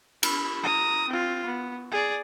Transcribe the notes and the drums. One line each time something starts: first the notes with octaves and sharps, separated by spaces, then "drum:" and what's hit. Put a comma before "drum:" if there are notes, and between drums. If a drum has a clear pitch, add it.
B5, drum: cymbal
A#5 D#6
C4 F4
B3
G#4 D5